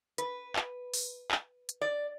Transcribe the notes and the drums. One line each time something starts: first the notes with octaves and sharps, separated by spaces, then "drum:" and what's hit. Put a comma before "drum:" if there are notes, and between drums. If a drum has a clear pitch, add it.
B4, drum: hi-hat
drum: clap
drum: open hi-hat
drum: clap
drum: hi-hat
D5